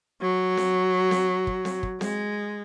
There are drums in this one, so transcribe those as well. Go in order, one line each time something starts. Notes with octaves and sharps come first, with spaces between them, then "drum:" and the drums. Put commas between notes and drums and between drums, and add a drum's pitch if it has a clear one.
F#3
drum: snare C4
drum: snare C4
drum: kick
drum: snare C4
drum: kick
G#3, drum: snare C4